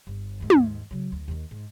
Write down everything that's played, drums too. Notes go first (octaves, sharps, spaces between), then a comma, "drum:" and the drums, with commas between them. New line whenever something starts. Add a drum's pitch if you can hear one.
G1
D#2 G#2
drum: tom
C#3 F#3
D2
D#2 D#3
G#2